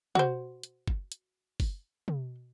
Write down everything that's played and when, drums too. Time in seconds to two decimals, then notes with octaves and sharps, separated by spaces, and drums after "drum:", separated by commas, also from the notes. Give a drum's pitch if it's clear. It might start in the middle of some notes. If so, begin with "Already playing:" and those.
0.15 F#4 C5, drum: tom
0.63 drum: hi-hat
0.88 drum: kick F#1
1.12 drum: hi-hat
1.60 drum: kick F#1, open hi-hat
2.08 drum: tom